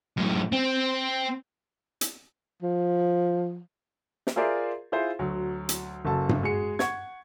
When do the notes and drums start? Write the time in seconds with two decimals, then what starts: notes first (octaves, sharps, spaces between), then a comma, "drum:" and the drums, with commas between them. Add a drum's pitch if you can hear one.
0.17 F#2 A2
0.53 C4
2.01 drum: hi-hat
2.63 F3
4.27 drum: snare
4.36 F4 G#4 A#4 C5 D5 E5
4.92 E4 F4 G#4 C5 E5
5.19 D2 F#3
5.69 drum: hi-hat
6.05 F#1 F#2 A4 A5
6.29 drum: tom G2
6.43 G#3 F#4 G#4 C#7
6.79 F#5 C#6 G#6, drum: snare